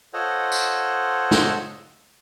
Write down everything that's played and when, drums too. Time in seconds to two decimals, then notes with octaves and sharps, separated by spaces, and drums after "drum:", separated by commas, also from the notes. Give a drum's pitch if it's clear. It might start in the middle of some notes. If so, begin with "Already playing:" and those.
0.14 F4 A4 C5 C#5 D#5 F#5
0.52 drum: tambourine
1.31 drum: snare